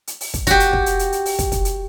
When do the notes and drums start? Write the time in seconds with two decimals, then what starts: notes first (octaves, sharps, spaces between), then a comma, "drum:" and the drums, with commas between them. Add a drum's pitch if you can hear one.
0.07 drum: hi-hat
0.21 drum: open hi-hat
0.34 drum: kick, hi-hat
0.47 F#4 G4, drum: kick, hi-hat
0.60 drum: hi-hat
0.73 drum: kick
0.86 drum: hi-hat
0.99 drum: hi-hat
1.12 drum: hi-hat
1.26 drum: open hi-hat
1.39 drum: kick, hi-hat
1.52 drum: kick, hi-hat
1.65 drum: hi-hat